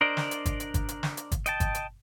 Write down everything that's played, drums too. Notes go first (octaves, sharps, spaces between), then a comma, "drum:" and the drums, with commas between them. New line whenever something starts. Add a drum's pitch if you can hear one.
D4 A#4 C5 D5 D#5
drum: snare
drum: hi-hat
drum: kick, hi-hat
drum: hi-hat
drum: kick, hi-hat
drum: hi-hat
drum: snare
drum: hi-hat
drum: kick, hi-hat
D#5 G5 A5, drum: hi-hat
drum: kick, hi-hat
drum: hi-hat